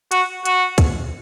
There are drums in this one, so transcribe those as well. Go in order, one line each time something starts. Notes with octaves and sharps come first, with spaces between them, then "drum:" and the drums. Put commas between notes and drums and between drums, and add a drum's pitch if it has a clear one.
F#4, drum: hi-hat
F#4, drum: hi-hat
drum: kick, hi-hat